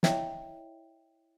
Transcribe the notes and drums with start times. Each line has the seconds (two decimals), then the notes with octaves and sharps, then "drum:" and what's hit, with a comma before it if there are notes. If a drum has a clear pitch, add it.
0.03 E4 C#5 D#5 E5 G5, drum: snare